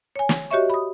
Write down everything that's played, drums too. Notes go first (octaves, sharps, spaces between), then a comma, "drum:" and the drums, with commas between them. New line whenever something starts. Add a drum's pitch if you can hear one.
C#5 G#5
drum: snare
F#4 G4 C#5 D#5 E5 C#6
B5 D#6